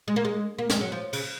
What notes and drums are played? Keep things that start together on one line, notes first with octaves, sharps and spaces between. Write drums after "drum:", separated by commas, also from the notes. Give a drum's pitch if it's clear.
G#3
A#3
G#3
A#3
G#3, drum: snare
F#3
F3
C#3, drum: cymbal